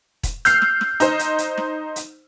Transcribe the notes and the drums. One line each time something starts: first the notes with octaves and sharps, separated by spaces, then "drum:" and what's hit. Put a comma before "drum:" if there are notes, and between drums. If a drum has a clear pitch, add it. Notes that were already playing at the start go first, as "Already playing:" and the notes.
drum: kick E1, hi-hat
E6 F6 G6 C7, drum: hi-hat
drum: snare
drum: snare
D#4 C5, drum: hi-hat
drum: hi-hat
drum: hi-hat
drum: snare
drum: hi-hat